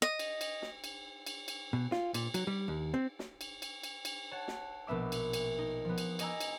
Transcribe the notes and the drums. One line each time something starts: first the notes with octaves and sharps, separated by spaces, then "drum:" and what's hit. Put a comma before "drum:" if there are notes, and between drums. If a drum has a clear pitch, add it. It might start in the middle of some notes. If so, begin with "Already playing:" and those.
D#5
drum: cymbal
drum: cymbal
drum: snare
drum: cymbal
drum: cymbal
drum: cymbal
B2
F4, drum: snare
A#2, drum: cymbal
F#3, drum: cymbal
G3
D#2
C4
drum: snare
drum: cymbal
drum: cymbal
drum: cymbal
drum: cymbal
C#5 F#5 A5
drum: snare
A#1 B2 B3 E5 D6
drum: cymbal
drum: cymbal
D#4
F3 B3
drum: cymbal
G4 D#5 G#5 A#5 E6, drum: cymbal
drum: cymbal